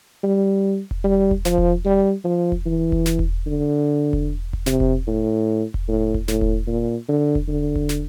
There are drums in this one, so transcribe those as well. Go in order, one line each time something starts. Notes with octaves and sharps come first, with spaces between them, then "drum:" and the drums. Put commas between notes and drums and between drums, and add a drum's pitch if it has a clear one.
G3
drum: kick E1
G3
drum: kick E1
F3, drum: snare
drum: kick E1
G3
F3
drum: kick E1
E3
drum: kick E1
drum: snare
drum: kick E1
D3
drum: kick E1
drum: kick E1
C3, drum: snare
drum: kick E1
A2
drum: kick E1
A2
drum: kick E1
A2, drum: snare
drum: kick E1
A#2
D3
drum: kick E1
D3
drum: kick E1
drum: snare